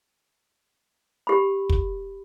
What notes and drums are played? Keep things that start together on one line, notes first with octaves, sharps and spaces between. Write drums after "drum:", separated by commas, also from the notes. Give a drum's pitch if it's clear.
G4 B5
drum: kick